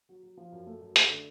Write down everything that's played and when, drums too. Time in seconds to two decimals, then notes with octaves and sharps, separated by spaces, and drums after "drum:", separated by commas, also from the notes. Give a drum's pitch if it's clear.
0.09 F#3
0.23 F#3
0.37 F3
0.52 F#2
0.67 A3
0.81 F#2
0.96 A3, drum: hi-hat
1.10 D3